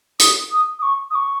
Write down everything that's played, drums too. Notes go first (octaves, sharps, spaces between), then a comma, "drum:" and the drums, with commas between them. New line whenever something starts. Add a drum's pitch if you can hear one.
D#6, drum: hi-hat
D#6
D#6
C#6
D#6
C#6